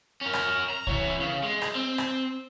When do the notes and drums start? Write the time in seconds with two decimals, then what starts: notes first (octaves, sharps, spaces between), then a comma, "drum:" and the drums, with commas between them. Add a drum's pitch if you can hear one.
0.21 C#4 A#4
0.33 drum: rim click
0.70 A#5
0.87 E3 C#5, drum: kick B1
1.20 C#3
1.43 G#3
1.62 drum: rim click
1.75 C4
1.98 drum: rim click